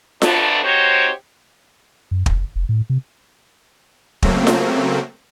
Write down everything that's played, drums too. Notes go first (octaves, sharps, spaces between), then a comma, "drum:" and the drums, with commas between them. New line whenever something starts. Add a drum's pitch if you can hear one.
F2 D3 F#3 A3 B3 D4, drum: snare F4
C4 D#4 F#4 G4 C5 C#5
F#2
F1, drum: kick
F1
A2
C3
C#3 F#3 A3 A#3 C4, drum: kick
drum: snare F4